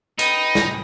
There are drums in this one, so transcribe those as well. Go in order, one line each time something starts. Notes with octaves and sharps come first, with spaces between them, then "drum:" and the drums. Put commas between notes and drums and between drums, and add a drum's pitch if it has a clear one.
D#4 B4 G5 D#6, drum: hi-hat
drum: snare